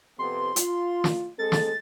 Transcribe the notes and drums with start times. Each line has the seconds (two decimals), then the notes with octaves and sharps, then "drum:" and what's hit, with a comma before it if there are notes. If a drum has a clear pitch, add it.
0.19 F2 C3 B3 C6
0.56 F4, drum: hi-hat
1.04 drum: snare
1.39 G#3 C4 A4 A6
1.52 drum: snare